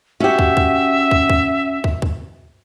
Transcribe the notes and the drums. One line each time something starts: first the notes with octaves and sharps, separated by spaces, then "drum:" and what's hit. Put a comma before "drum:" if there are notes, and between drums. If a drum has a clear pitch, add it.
C#4 F#4 G4 E5 F#5
drum: kick
drum: kick
drum: kick
drum: kick
drum: kick
drum: kick